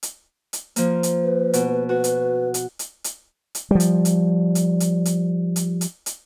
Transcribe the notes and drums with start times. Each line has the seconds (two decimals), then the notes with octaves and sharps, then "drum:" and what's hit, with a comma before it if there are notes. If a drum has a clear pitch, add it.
0.03 drum: hi-hat
0.53 drum: hi-hat
0.76 F3 A#3, drum: hi-hat
1.03 drum: hi-hat
1.24 B4
1.53 B2, drum: hi-hat
1.89 F#4 B4
2.04 drum: hi-hat
2.54 drum: hi-hat
2.79 drum: hi-hat
3.04 drum: hi-hat
3.55 drum: hi-hat
3.71 F3 G3
3.80 drum: hi-hat
4.05 drum: hi-hat
4.55 drum: hi-hat
4.80 drum: hi-hat
5.05 drum: hi-hat
5.56 drum: hi-hat
5.81 drum: hi-hat
6.06 drum: hi-hat